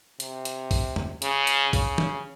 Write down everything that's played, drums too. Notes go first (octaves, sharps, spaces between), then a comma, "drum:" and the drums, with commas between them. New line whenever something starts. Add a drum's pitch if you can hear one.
C3, drum: hi-hat
drum: hi-hat
drum: kick B1, open hi-hat
drum: tom
C#3, drum: hi-hat
drum: hi-hat
C#3, drum: kick B1, open hi-hat
drum: tom